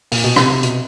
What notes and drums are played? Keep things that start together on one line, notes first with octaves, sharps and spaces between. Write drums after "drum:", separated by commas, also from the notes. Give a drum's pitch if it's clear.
A#2, drum: open hi-hat
B2
C3, drum: rim click
C3
B2, drum: hi-hat